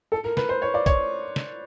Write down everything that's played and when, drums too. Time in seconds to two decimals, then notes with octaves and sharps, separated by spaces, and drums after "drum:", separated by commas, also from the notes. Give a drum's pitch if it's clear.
0.12 A4
0.24 A#4
0.37 B4, drum: snare
0.49 C5
0.62 C#5
0.74 D5
0.86 C#5, drum: kick A#1, hi-hat
1.36 drum: snare